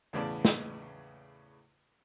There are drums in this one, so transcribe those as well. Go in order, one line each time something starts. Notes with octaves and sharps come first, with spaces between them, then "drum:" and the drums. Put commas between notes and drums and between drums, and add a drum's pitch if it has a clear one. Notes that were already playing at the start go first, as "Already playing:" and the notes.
E2 A2 C#3 B3 D5 A5
drum: snare